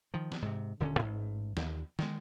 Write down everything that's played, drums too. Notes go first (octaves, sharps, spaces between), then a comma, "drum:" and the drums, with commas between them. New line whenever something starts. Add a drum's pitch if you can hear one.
D#3 F3
drum: snare
G#2 C3
D#1 D3 B3 C#4
A1 G#2
D#2, drum: snare
D#3 G#3, drum: snare